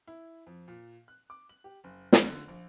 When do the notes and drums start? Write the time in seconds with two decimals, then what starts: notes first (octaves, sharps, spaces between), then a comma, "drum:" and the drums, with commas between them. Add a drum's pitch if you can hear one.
0.08 E4
0.46 F2
0.68 A#2
1.08 F#6
1.30 D6
1.49 F#7
1.64 G4
1.84 F#1
2.13 C5, drum: snare
2.26 D3
2.48 A#1